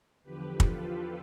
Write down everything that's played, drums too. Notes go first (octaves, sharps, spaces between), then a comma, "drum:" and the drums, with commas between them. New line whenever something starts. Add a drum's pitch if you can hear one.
E2 D3 F3 G4 B4
F4 A4, drum: kick